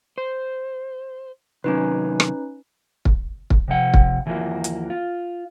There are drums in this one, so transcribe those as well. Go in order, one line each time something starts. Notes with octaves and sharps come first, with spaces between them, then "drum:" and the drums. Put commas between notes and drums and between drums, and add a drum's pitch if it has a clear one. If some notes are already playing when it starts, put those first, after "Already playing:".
C5
C3 D#3 F#3 C#4 D#4 B4
drum: rim click
drum: kick
drum: kick
C3 F3 F#5
drum: kick
D#2 E3 F3 G3 A#3 F#4
drum: hi-hat
F4